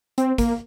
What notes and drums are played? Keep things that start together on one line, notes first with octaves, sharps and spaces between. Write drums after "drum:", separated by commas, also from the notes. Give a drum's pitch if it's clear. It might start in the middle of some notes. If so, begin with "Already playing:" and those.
C4, drum: hi-hat
A#3, drum: kick, hi-hat